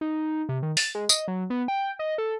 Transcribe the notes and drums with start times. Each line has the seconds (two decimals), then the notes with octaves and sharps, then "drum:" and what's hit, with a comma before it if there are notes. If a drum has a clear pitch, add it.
0.01 D#4
0.49 C3
0.63 D#3
0.77 A6, drum: open hi-hat
0.95 G#3
1.09 D#5, drum: tambourine
1.28 F#3
1.50 B3
1.68 G5
1.99 D#5
2.18 A4